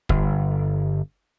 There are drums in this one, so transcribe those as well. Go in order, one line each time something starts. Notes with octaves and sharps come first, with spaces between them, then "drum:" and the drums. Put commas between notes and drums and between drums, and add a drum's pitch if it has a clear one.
G1, drum: kick